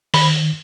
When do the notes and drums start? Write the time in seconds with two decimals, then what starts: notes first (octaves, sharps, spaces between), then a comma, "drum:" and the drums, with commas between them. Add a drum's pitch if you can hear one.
0.14 D#3 B5, drum: open hi-hat